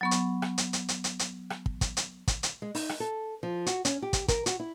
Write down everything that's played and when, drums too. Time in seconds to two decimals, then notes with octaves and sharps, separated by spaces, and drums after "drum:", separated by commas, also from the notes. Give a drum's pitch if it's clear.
0.01 F#3 B3 C#6
0.11 drum: hi-hat
0.42 drum: rim click
0.58 drum: hi-hat
0.73 drum: hi-hat
0.88 drum: hi-hat
1.04 drum: hi-hat
1.19 drum: hi-hat
1.50 drum: rim click
1.66 drum: kick
1.81 drum: kick, hi-hat
1.97 drum: hi-hat
2.28 drum: kick, hi-hat
2.43 drum: hi-hat
2.62 G#3
2.75 D#4, drum: open hi-hat
2.89 drum: rim click
3.00 A4
3.43 F3
3.66 F#4, drum: hi-hat
3.85 C#4, drum: hi-hat
4.02 G4
4.13 drum: kick, hi-hat
4.28 A#4, drum: kick, hi-hat
4.46 F#4, drum: hi-hat
4.60 E4